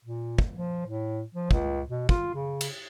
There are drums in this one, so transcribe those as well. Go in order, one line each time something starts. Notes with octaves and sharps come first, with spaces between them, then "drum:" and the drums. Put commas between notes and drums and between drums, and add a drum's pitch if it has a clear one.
A#2
drum: kick
F3
A2
F3
C#2, drum: kick
B2
F4, drum: kick
C#3
drum: cymbal